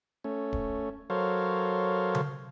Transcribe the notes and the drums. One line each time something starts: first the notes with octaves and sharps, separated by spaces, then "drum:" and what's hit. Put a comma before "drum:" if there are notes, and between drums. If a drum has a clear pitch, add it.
A3 C#4
drum: kick D1
F#3 A4 A#4 C5 C#5 F5
drum: tom C#3